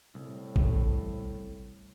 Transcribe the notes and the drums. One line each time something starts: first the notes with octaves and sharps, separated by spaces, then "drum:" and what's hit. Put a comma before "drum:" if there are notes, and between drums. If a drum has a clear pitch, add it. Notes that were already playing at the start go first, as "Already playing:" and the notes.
C2 A2
drum: kick G#1